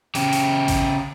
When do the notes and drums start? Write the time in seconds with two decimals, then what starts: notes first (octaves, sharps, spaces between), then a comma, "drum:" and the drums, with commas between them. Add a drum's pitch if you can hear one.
0.15 C#3 G4, drum: hi-hat
0.33 drum: hi-hat
0.68 drum: kick A1, hi-hat